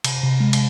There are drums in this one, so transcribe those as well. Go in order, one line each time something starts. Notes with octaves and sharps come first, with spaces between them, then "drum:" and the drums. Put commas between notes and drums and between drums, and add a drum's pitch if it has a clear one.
C3, drum: cymbal
C3
G#3
drum: cymbal